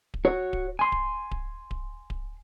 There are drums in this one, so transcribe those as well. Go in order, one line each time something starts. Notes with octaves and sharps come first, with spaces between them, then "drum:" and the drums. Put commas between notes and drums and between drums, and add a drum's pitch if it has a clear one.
drum: kick D1
F#4 C#5
drum: kick D1
G#5 C6
drum: kick D1
drum: kick D1
drum: kick D1
drum: kick D1